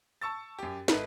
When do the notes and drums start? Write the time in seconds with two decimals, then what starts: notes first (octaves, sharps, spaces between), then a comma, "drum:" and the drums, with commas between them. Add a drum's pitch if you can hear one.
0.22 A5 C#6 E6 A6
0.59 F#2 G4
0.88 G#1 E4 A4 B4 D#5, drum: snare